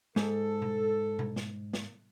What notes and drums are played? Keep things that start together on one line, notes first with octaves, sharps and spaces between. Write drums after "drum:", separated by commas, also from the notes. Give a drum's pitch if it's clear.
G#2 A4, drum: snare
drum: tom B2
drum: tom B2
drum: snare
drum: snare